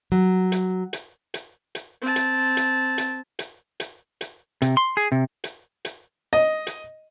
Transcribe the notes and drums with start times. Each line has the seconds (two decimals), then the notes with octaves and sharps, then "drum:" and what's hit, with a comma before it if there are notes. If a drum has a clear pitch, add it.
0.12 F#3
0.52 drum: hi-hat
0.93 drum: hi-hat
1.34 drum: hi-hat
1.75 drum: hi-hat
2.02 C4 A5
2.16 drum: hi-hat
2.57 drum: hi-hat
2.98 drum: hi-hat
3.39 drum: hi-hat
3.80 drum: hi-hat
4.21 drum: hi-hat
4.62 C3, drum: hi-hat
4.77 C6
4.97 G#4
5.12 C3
5.44 drum: hi-hat
5.85 drum: hi-hat
6.33 D#5
6.67 drum: hi-hat